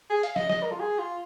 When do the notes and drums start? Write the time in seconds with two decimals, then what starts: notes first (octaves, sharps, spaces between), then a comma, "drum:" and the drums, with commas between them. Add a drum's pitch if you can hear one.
0.10 G#4
0.23 F5, drum: hi-hat
0.36 D#5, drum: snare
0.49 D#5, drum: snare
0.63 A#4
0.72 F4
0.80 G#4
0.99 F4